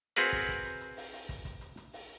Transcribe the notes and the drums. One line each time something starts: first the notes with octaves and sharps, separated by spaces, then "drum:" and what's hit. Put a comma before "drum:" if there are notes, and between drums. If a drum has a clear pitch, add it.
C4 F#4 G#4 A#4 B4, drum: open hi-hat
drum: kick, hi-hat
drum: kick, hi-hat
drum: hi-hat
drum: hi-hat
drum: open hi-hat
drum: open hi-hat
drum: kick, hi-hat
drum: kick, hi-hat
drum: hi-hat
drum: hi-hat
drum: open hi-hat